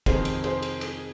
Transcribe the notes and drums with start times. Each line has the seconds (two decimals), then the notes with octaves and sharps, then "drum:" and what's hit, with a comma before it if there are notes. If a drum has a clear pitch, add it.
0.06 F2 C3 D#3 G#4 C5, drum: kick, cymbal
0.25 drum: cymbal
0.44 G#4 C5, drum: cymbal
0.62 drum: cymbal
0.81 G#4, drum: cymbal